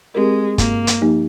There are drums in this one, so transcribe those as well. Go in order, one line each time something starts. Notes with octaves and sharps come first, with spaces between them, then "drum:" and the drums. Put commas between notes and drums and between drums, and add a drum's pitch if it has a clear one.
G#3 C4 G4 A#4
G2 A#3, drum: kick, hi-hat
drum: hi-hat
F3 A#3 D#4 G4